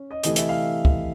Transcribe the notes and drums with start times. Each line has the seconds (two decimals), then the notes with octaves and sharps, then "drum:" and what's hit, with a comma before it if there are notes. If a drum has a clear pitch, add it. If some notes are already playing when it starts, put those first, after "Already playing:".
Already playing: C#4
0.11 D#5
0.23 C3 E3 A3 D#5, drum: hi-hat
0.36 E5, drum: hi-hat
0.49 F5
0.85 drum: kick